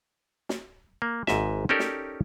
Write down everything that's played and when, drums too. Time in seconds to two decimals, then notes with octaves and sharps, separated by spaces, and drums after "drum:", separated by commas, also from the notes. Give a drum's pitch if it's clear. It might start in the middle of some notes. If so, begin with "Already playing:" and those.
0.49 drum: snare
1.02 A#3
1.27 G#1 G#2 D#5 E5, drum: snare
1.69 C#4 D#4 G4 A4 A#4 D5
1.79 drum: snare